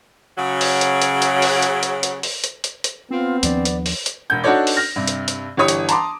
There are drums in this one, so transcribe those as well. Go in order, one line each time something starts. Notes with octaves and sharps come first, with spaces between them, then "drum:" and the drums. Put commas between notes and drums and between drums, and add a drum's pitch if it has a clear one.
C#3 F#3
drum: open hi-hat
drum: hi-hat
drum: hi-hat
drum: hi-hat
drum: open hi-hat
drum: hi-hat
drum: hi-hat
drum: hi-hat
drum: open hi-hat
drum: hi-hat
drum: hi-hat
drum: hi-hat
B3 C4 F4
D#2 F3 D4 D5, drum: hi-hat
drum: hi-hat
drum: open hi-hat
drum: hi-hat
E1 G6
D4 D#4 F#4 A4 C#5 D5
drum: open hi-hat
F6 A#6
G2 C3
drum: hi-hat
drum: hi-hat
G1 E3 G4 C#5 D#6
drum: hi-hat
A5 A#5 C6 D6, drum: hi-hat